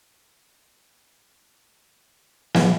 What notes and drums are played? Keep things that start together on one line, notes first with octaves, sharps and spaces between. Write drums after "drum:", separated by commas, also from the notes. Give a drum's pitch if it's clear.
E4
D5
drum: snare